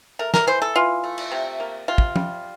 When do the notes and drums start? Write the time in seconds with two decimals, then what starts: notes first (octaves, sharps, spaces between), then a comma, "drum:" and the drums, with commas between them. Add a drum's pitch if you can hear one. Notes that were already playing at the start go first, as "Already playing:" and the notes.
0.19 A3 A#4
0.34 A#4, drum: snare
0.47 E3 C5
0.62 A4
0.76 E3 F4
1.04 A3
1.18 drum: cymbal
1.31 C3
1.60 A#3
1.88 C3 F4
1.98 drum: kick
2.16 G3, drum: tom